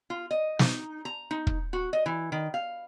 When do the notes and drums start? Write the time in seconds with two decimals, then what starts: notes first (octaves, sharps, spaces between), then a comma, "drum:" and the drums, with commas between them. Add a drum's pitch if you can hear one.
0.10 F4
0.31 D#5
0.59 D#4, drum: snare
1.05 A#5
1.31 D#4
1.47 drum: kick
1.73 F#4
1.93 D#5
2.06 E3
2.32 D#3
2.54 F5